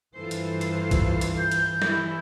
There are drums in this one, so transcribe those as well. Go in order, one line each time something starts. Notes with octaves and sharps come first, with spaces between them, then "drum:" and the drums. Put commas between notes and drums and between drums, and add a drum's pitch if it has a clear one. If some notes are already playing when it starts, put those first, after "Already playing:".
G2 E3 F4 A4 C5
drum: hi-hat
drum: hi-hat
drum: kick, hi-hat
drum: hi-hat
G6
drum: hi-hat
E3 E4, drum: snare